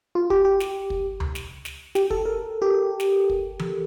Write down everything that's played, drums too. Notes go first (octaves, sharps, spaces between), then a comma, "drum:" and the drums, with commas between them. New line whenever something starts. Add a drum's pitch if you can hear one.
F4
G4, drum: kick
G4
drum: snare
drum: kick
drum: tom C#2
drum: snare
drum: snare
G4, drum: snare
A4, drum: kick
A#4
G4
drum: snare
drum: kick
drum: tom E3